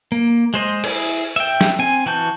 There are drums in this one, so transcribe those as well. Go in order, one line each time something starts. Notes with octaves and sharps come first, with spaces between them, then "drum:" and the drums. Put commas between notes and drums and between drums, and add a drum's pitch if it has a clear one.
A#3
G#3 C5 D#5
E4 G#4, drum: cymbal
E5 G5
drum: snare
C4 G#5
E3 F#4 A5 G6